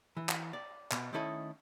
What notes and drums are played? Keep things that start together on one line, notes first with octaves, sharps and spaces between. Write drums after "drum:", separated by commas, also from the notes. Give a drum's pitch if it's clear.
E3
drum: clap
D5
B2, drum: clap
D#3 A3 C#4 E4 A4 D#5